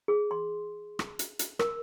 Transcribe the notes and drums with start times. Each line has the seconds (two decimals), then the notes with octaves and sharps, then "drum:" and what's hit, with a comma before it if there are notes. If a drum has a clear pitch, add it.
0.08 G#4
0.31 C6
0.99 drum: rim click
1.19 drum: hi-hat
1.39 drum: hi-hat
1.59 A#4, drum: rim click